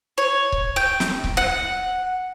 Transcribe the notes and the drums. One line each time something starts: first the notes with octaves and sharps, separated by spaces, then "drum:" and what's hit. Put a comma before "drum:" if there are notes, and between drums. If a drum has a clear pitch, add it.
C#5
drum: kick C#1
G5
drum: snare
drum: kick C#1
F#5